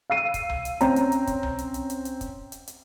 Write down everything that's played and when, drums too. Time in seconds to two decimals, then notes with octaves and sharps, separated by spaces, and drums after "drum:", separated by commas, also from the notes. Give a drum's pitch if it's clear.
0.10 F5 E6 C7 D#7
0.34 drum: kick, hi-hat
0.50 drum: tom C2
0.65 drum: hi-hat
0.81 C4 C#4 A#5, drum: hi-hat
0.96 drum: hi-hat
1.12 drum: hi-hat
1.27 drum: kick, hi-hat
1.43 drum: tom C2
1.59 drum: hi-hat
1.74 drum: hi-hat
1.90 drum: hi-hat
2.05 drum: hi-hat
2.21 drum: kick, hi-hat
2.52 drum: hi-hat
2.68 drum: hi-hat